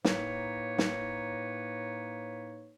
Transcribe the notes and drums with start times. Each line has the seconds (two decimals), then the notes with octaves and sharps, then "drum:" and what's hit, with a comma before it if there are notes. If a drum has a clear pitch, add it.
0.04 A2 A#3 D#4 B4 C#5, drum: snare
0.78 drum: snare